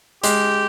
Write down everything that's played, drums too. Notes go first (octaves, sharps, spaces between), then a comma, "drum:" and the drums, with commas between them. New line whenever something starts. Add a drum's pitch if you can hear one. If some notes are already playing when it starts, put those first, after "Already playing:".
G#3 G4, drum: hi-hat